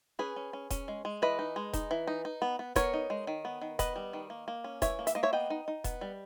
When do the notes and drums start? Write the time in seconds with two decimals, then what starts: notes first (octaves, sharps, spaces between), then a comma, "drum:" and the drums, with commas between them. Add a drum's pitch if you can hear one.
0.19 C#4 G#4 B4
0.36 C#4
0.53 C#4
0.70 C#4, drum: kick E1, hi-hat
0.88 G#3
1.05 G#3
1.22 E3 B4 D#5
1.39 D#4
1.56 G#3
1.73 D#4, drum: kick E1, hi-hat
1.91 E3
2.07 D#4
2.25 D#4
2.42 B3
2.59 B3
2.76 B3 A#4 C#5, drum: kick E1, hi-hat
2.94 D#4
3.10 G#3
3.27 D#3
3.45 B3
3.62 D#3
3.79 B3 B4 D#5, drum: kick E1, hi-hat
3.96 G3
4.13 D#3
4.30 A#3
4.48 A#3
4.64 C#4
4.82 E3 C#5 E5, drum: kick E1, hi-hat
4.99 A#3
5.07 E5, drum: hi-hat
5.15 A#3 D#5
5.23 C#5 E5
5.33 B3 D#5 G5
5.50 D#4
5.68 D#4
5.84 B3, drum: kick E1, hi-hat
6.01 G3